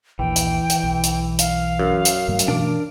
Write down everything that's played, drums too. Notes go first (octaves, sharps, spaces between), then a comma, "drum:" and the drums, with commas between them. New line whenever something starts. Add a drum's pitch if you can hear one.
A#1 D#2 E3 G5
drum: hi-hat
drum: hi-hat
B1
drum: hi-hat
F5, drum: hi-hat
F#2
drum: hi-hat
G2 F#3 A3
drum: hi-hat
B2 E3 A3 D4 A#4 D6